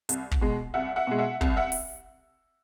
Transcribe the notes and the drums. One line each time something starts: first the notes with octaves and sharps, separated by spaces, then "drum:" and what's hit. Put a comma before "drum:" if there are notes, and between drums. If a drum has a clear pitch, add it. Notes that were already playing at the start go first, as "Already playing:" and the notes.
C2, drum: hi-hat
drum: kick
B2 G#3
C2 E5 F#5
E5 F#5
B2 G#3
E5 F#5
C2, drum: kick
E5 F#5
drum: open hi-hat